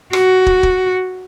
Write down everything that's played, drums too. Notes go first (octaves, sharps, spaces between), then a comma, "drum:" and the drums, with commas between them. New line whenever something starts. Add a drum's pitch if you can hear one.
F#4, drum: rim click
drum: kick
drum: kick